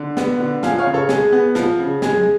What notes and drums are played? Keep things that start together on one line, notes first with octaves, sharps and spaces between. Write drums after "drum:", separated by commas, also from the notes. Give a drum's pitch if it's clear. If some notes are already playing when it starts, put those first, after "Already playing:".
Already playing: D3
B3, drum: snare
D3
F3 F5 G#5, drum: snare
C#5 F5
C#3
A4 C#5
G#3 G#4, drum: snare
B3
F3, drum: snare
C#3
G#3 G#4, drum: snare
drum: tom